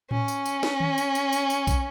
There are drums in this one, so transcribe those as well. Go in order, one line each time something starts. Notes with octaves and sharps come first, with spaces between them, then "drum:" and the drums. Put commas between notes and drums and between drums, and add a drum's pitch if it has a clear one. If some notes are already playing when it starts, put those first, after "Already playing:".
C#4, drum: tom A2
drum: tambourine
drum: tambourine
drum: snare
drum: tom D#3
drum: tambourine
drum: tambourine
drum: tambourine
drum: tambourine
drum: kick A#1, tambourine